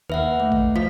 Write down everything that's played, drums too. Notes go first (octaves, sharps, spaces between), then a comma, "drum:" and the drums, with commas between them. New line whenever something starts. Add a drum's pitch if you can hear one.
D#2 B4 E5 F#5
A3
drum: kick
F3 B6